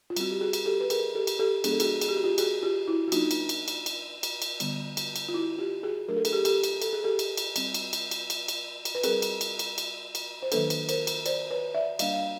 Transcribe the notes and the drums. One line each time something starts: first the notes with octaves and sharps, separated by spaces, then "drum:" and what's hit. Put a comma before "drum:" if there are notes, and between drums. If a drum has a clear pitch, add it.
F4
G3 C4 F#4, drum: cymbal
G4
F#4 G#4
drum: cymbal
G4 A4
B4
G#4 A#4, drum: cymbal
G4 A4
drum: cymbal
G4 A4
F3 G#3 B3 D4 G#4, drum: cymbal
A4
F#4 G#4, drum: cymbal
G#4, drum: cymbal
G4
F#4
F4 G4
F#4 G#4, drum: cymbal
F4 G4
E4 F#4
F#4
F#3 A#3 D4 D#4 F4, drum: cymbal
drum: cymbal
drum: cymbal
drum: cymbal
drum: cymbal
drum: cymbal
drum: cymbal
D3 G3 B3, drum: cymbal
drum: cymbal
drum: cymbal
F4
E4 F#4
F4 G4
F#4 G#4
F#3 A3 D4 A#4
A4
G#4, drum: cymbal
G4 A4
G4 A4, drum: cymbal
drum: cymbal
A4, drum: cymbal
G#4
G4 A4
drum: cymbal
drum: cymbal
G3 C4, drum: cymbal
drum: cymbal
drum: cymbal
drum: cymbal
drum: cymbal
drum: cymbal
drum: cymbal
B4
G3 C4 G#4 A#4, drum: cymbal
drum: cymbal
drum: cymbal
drum: cymbal
drum: cymbal
drum: cymbal
C5
D#3 F#3 A#3 D4 A4 B4, drum: cymbal
drum: cymbal
A#4 C5, drum: cymbal
drum: cymbal
C5 D5, drum: cymbal
B4 C#5
D5 E5
G3 A#3 D4 D#5 F5, drum: cymbal
F5